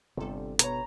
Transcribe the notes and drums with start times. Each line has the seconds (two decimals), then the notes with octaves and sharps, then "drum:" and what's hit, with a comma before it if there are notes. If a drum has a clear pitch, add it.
0.17 G1 C3 G3 A4
0.59 B2 B4 C#5 A#5, drum: hi-hat